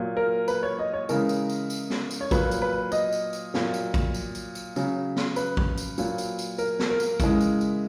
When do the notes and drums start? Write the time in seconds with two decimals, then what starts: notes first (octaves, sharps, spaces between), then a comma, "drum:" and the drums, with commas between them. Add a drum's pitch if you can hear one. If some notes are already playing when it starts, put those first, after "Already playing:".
Already playing: A#2 F#3
0.17 A#4
0.48 B4, drum: tambourine
0.63 C#5
0.79 D#5
0.93 C#5
1.09 C#3 E3 G#3 A#4, drum: tambourine
1.29 drum: tambourine
1.49 drum: tambourine
1.70 drum: tambourine
1.90 drum: snare
2.11 drum: tambourine
2.21 C#5
2.31 A#2 F#3 B4, drum: kick A1, tambourine
2.51 drum: tambourine
2.62 B4
2.92 D#5, drum: tambourine
3.13 drum: tambourine
3.33 drum: tambourine
3.54 A#2 F#3, drum: snare
3.74 drum: tambourine
3.94 drum: kick A1, tambourine
4.14 drum: tambourine
4.35 drum: tambourine
4.55 drum: tambourine
4.76 C#3 F#3, drum: tambourine
5.16 drum: snare
5.36 B4, drum: tambourine
5.57 drum: kick A1
5.78 drum: tambourine
5.98 A#2 F#3, drum: tambourine
6.18 drum: tambourine
6.39 drum: tambourine
6.58 A#4, drum: tambourine
6.79 drum: snare
6.90 A#4
7.00 drum: tambourine
7.20 C#3 E3 G#3, drum: kick A1, tambourine
7.41 drum: tambourine
7.61 drum: tambourine